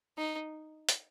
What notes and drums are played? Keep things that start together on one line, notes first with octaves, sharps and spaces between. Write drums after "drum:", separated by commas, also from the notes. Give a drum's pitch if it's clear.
D#4
drum: hi-hat